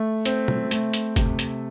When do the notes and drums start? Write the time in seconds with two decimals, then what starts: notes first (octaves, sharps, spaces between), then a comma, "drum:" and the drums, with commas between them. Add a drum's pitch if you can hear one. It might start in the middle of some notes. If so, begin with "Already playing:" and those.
Already playing: A3
0.26 C4, drum: hi-hat
0.48 drum: tom
0.71 A3, drum: hi-hat
0.93 drum: hi-hat
1.16 C3, drum: kick, hi-hat
1.39 drum: hi-hat